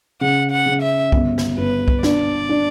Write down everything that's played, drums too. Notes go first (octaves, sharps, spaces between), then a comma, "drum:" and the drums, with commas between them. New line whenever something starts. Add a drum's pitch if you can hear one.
C#3 F#5
F#5
C#3
E5
G1, drum: kick
drum: snare
G1 B4
drum: kick
D4 D5, drum: snare
D4